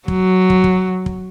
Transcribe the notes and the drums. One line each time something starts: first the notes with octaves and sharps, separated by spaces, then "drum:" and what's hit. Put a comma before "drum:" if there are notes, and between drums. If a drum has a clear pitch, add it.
F#3, drum: kick
drum: kick
drum: kick
drum: kick